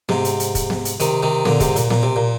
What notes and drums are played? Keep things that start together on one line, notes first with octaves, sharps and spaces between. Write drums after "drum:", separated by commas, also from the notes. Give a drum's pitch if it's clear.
G#2 C3, drum: snare B3
drum: hi-hat
drum: hi-hat
drum: kick, hi-hat
drum: snare B3
drum: hi-hat
C3 D#3, drum: hi-hat
C3 D#3
A#2 D3, drum: snare B3
G#2 C3, drum: kick, hi-hat
A#2, drum: hi-hat
A#2, drum: snare B3
C3
A#2